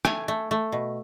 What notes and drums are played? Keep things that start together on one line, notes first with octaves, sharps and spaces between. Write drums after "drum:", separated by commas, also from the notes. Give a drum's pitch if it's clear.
A3 G#5, drum: rim click
A3
A3
B2